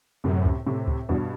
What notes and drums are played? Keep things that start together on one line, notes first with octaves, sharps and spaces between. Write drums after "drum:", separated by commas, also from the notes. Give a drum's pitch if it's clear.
F#2 A2 C3
drum: kick C#2
A2 C3
drum: kick C#2
E2 G2 B2